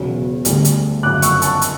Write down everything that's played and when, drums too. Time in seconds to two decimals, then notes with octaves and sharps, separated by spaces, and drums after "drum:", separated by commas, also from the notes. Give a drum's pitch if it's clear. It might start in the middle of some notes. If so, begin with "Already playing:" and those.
Already playing: E1 E2 C#3 F#3
0.45 D2 D3 G3, drum: hi-hat
0.65 drum: hi-hat
1.03 G1 F#2 C#3 D6 F#6
1.22 C#6 E6, drum: hi-hat
1.42 A5 C#6, drum: hi-hat
1.62 drum: hi-hat